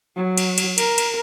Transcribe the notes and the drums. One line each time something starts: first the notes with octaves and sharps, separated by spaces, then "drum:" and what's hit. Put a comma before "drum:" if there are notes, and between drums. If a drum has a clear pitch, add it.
F#3
drum: cymbal
drum: cymbal
A#4, drum: cymbal
drum: cymbal